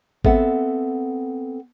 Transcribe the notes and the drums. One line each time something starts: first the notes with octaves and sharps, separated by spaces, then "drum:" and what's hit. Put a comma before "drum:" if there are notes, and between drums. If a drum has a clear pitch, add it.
B3 C4 A4 E5 F#5, drum: kick G#1